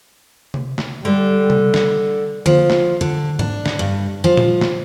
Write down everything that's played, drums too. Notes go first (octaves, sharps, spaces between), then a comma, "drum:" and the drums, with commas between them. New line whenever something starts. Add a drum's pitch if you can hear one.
drum: tom C3
drum: snare
D3 G3
drum: tom C3
drum: snare
F3, drum: tom D3
drum: snare
D3
D4, drum: tom G#2
drum: snare
G2
F3
drum: tom A#2
drum: snare